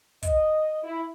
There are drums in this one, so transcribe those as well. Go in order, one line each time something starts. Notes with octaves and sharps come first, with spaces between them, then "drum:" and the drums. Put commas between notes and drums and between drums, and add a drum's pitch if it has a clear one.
D#5, drum: kick, hi-hat
E4